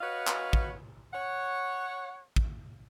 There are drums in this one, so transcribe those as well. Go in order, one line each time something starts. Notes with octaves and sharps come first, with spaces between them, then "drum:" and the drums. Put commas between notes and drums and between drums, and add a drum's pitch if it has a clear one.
F#4 B4 C#5 D#5 F5
drum: clap
drum: kick
C#5 F#5
drum: kick